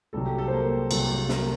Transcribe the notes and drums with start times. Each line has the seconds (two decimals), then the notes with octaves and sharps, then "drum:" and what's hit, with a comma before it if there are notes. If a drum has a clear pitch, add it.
0.13 C2 C3 F#3 A4
0.26 G4
0.38 A4
0.48 C5
0.51 A#3 A#4
0.91 C2 C3 F#3 A4, drum: cymbal
1.29 A#3 A#4, drum: snare